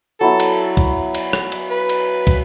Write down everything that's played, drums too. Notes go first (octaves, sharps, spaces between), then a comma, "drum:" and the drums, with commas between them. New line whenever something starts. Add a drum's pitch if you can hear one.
F#3 B3 E4 A4
drum: cymbal
drum: kick, cymbal
drum: cymbal
drum: rim click
drum: cymbal
B4
drum: cymbal
drum: kick, cymbal